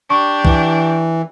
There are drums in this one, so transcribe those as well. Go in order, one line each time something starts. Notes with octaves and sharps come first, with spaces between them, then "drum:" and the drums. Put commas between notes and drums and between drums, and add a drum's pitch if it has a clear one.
D4 G4 C#6
E3, drum: kick